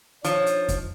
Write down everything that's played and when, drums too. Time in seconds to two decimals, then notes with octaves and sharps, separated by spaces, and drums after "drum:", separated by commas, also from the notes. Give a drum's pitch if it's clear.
0.25 F3 D4 D#4 C#5, drum: hi-hat
0.47 drum: hi-hat
0.69 drum: kick F2, hi-hat